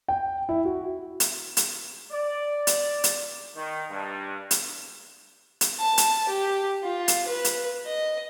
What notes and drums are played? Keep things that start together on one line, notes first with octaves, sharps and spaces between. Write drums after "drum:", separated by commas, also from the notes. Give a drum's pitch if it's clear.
G5
E4
F#4
drum: hi-hat
drum: hi-hat
D5
drum: hi-hat
drum: hi-hat
D#3
G2
drum: hi-hat
drum: hi-hat
A5
drum: hi-hat
G4
F4
drum: hi-hat
B4
drum: hi-hat
D#5